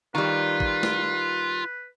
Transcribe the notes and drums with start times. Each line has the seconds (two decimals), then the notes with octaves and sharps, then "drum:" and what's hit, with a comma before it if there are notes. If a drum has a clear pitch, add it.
0.15 D#3 G3 F4 B4
0.60 drum: kick
0.83 drum: snare